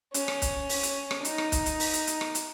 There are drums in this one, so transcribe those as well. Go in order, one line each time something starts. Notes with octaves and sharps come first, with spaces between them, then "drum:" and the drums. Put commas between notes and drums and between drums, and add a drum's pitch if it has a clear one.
C#4, drum: hi-hat
drum: rim click
drum: kick, hi-hat
drum: open hi-hat
drum: hi-hat
drum: rim click
D#4, drum: hi-hat
drum: rim click
drum: kick, hi-hat
drum: hi-hat
drum: open hi-hat
drum: hi-hat
drum: hi-hat
drum: rim click
drum: hi-hat